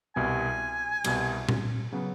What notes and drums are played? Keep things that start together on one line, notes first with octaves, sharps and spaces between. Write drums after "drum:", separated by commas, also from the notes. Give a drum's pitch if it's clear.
C2 B2 G3 G#5
C2 B2 G3, drum: cymbal
drum: tom A#2
C#3 F#3 B3